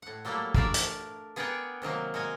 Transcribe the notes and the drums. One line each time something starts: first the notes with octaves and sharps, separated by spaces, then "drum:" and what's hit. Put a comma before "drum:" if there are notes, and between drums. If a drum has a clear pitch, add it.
A2 F#5
F#3 G3 A3 A#3 E4
A3 D4 A#4 D5 E5 F5, drum: kick
drum: hi-hat
B3 G#4 A#4 D5 F#5 G5
C3 D#3 F#3 A#3
G#3 F#4 A#4 G#5